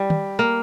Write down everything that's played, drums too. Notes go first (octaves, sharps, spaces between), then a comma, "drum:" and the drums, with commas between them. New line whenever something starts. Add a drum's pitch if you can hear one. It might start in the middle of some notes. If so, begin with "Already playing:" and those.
Already playing: G3
drum: tom
A#3